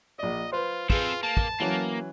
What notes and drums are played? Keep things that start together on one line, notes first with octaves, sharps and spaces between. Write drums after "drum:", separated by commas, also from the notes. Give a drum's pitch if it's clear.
A#1 D5 D#5
F4 B4 C5 C6
C4 F4 G#4 A4 B4, drum: kick
A#3 A5
drum: kick
E3 F#3 A#3 C#4